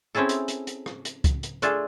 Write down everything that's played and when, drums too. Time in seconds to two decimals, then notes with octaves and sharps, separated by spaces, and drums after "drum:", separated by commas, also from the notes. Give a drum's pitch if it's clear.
0.15 C4 C#4 E4 G#4 A4
0.29 drum: hi-hat
0.48 drum: hi-hat
0.67 drum: hi-hat
0.86 drum: rim click
1.05 drum: hi-hat
1.24 drum: kick C#2, hi-hat
1.43 drum: hi-hat
1.62 A3 D4 F4 G#4 A4, drum: hi-hat